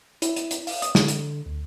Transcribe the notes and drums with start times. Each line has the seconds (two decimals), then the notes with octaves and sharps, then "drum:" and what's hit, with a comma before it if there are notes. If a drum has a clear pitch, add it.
0.22 E4, drum: hi-hat
0.36 drum: hi-hat
0.51 drum: hi-hat
0.67 F5, drum: open hi-hat
0.82 D#6, drum: hi-hat
0.95 D3, drum: snare
1.08 drum: hi-hat
1.46 D2